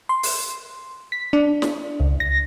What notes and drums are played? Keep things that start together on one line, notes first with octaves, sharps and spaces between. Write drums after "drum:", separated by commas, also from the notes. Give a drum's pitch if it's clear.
C6
drum: open hi-hat
B6
D4
drum: snare
C#2
A#6